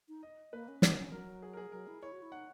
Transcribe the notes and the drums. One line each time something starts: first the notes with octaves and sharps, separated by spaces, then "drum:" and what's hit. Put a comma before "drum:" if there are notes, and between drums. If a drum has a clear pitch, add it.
D#4
D#5
A#3 B4
C#4
D#4 A#4, drum: snare
C#4
F#3 A#4
G#4
A#4
G#4
F#3 A#4
E4
E4 C#5
F#4
E4
D#4 F#5